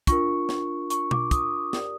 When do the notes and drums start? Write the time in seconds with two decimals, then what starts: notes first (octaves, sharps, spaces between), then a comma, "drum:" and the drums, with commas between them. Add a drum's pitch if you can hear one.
0.07 D4 F4 A#4 C#6, drum: kick, hi-hat
0.49 drum: snare
0.90 C#6, drum: hi-hat
1.11 D6, drum: tom
1.31 D#6, drum: kick, hi-hat
1.73 G4 A#4 D5, drum: snare